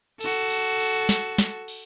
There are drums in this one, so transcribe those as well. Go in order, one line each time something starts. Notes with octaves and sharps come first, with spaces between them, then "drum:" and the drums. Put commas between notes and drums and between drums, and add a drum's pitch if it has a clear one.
F#4 A4, drum: cymbal
drum: cymbal
drum: cymbal
drum: snare
drum: snare
drum: cymbal